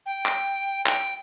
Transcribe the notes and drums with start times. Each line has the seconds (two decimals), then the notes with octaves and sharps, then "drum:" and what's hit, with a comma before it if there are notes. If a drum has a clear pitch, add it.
0.06 G5
0.26 drum: clap
0.86 G5, drum: clap